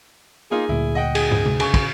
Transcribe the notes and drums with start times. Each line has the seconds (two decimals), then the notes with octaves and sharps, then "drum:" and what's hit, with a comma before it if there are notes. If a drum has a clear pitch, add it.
0.51 A#3 D#4 F4 G#4
0.69 D2 A#2 E4
0.95 D#5 F#5 G5
1.15 G#4, drum: cymbal
1.31 drum: tom
1.46 drum: tom C3
1.60 C#3 G#5 C#6, drum: cymbal
1.74 drum: kick, cymbal